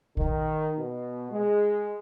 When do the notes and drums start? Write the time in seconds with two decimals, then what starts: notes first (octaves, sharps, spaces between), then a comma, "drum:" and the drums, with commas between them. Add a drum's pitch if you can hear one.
0.17 D#3, drum: kick A#1
0.78 B2
1.31 G#3